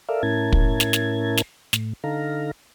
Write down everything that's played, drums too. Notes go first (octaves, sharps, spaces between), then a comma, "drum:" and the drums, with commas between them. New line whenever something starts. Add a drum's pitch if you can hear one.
A4 A#4 D5 E5 F5
A2 C#4 E4 A#4 A5 G#6
drum: kick
drum: snare
drum: snare
drum: snare
A2, drum: snare
D3 D#4 A4 F5 A#5